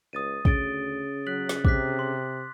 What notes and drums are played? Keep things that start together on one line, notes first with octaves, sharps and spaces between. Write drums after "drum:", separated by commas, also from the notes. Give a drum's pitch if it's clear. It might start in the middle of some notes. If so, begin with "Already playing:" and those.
C#2 D#6 A6 D#7
D2 C#3 A6 D7 G7, drum: kick
F#3 F#6 B6 F#7
drum: snare
C3 D6 F#6 B6, drum: kick
C6